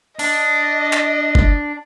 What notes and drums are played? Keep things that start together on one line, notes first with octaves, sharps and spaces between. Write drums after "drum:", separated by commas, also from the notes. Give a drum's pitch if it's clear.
D4 D#5, drum: open hi-hat
drum: clap
drum: kick G1